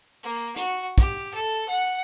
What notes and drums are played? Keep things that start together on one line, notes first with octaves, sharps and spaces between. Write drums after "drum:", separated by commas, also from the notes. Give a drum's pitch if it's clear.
A#3
F#4, drum: hi-hat
G4, drum: kick
A4
F#5